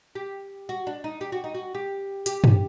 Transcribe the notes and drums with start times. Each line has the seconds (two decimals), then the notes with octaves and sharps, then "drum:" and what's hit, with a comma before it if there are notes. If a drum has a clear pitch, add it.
0.15 G4
0.69 F#4
0.87 D4
1.04 D#4
1.21 G4
1.32 F#4
1.44 D#4
1.55 F#4
1.75 G4
2.26 G4, drum: hi-hat
2.44 drum: tom